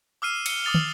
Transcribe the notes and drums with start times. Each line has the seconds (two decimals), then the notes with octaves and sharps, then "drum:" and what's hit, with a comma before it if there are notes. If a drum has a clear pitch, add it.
0.22 D6 E6 F6 C7 D#7
0.46 C#7 G7, drum: cymbal
0.64 D6 D#6 A6 F7 G7
0.74 drum: tom